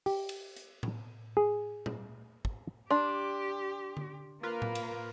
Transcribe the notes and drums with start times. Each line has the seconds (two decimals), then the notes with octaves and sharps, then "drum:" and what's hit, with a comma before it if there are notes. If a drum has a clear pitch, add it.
0.06 G4, drum: open hi-hat
0.29 drum: cymbal
0.56 drum: hi-hat
0.83 drum: tom A2
1.37 G#4
1.86 drum: tom A#2
2.45 drum: kick
2.91 D4 G4 C6
3.97 drum: tom D3
4.43 A#3 F4 A#4 B4
4.62 drum: tom A2
4.75 drum: cymbal